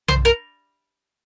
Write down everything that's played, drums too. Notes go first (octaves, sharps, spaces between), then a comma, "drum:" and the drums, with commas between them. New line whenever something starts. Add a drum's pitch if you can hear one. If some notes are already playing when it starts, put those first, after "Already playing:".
C5, drum: tom B1
A#4